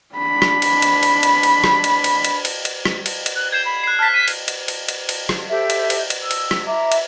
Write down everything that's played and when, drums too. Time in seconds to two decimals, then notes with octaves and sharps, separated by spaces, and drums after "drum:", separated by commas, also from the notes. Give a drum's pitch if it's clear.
0.15 D4 B5
0.42 drum: rim click
0.62 drum: cymbal
0.82 drum: cymbal
1.03 drum: cymbal
1.23 drum: cymbal
1.43 drum: cymbal
1.64 drum: rim click
1.84 drum: cymbal
2.04 drum: cymbal
2.25 drum: cymbal
2.45 drum: cymbal
2.65 drum: cymbal
2.85 drum: rim click
3.06 drum: cymbal
3.26 drum: cymbal
3.36 F#6
3.52 G6 G#6 C7 E7
3.65 B5
3.83 F#6 C7
3.99 A5 F6 B6
4.14 B6 D#7
4.28 drum: cymbal
4.48 drum: cymbal
4.68 drum: cymbal
4.89 drum: cymbal
5.09 drum: cymbal
5.29 drum: rim click
5.49 G4 A4 C5 E5
5.70 drum: cymbal
5.90 drum: cymbal
6.10 drum: cymbal
6.21 E6
6.31 drum: cymbal
6.51 drum: rim click
6.66 E4 E5 A#5 D6
6.92 drum: cymbal